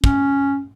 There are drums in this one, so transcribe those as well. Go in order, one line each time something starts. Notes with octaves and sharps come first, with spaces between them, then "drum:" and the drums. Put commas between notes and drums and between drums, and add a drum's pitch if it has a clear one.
C#4, drum: kick